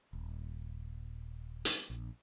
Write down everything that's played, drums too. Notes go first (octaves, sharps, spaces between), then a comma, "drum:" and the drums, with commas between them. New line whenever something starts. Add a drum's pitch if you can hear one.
D#1
drum: hi-hat
A#1